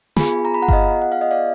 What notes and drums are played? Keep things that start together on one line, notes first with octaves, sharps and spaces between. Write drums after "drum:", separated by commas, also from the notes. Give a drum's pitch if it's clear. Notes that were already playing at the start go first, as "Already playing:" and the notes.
B3 F4 G#4 G#5 B5, drum: snare
A#5
B5
F#5 A#5
F5, drum: kick G1
D#5 F#5
F#5
F5
D#5
D5 F5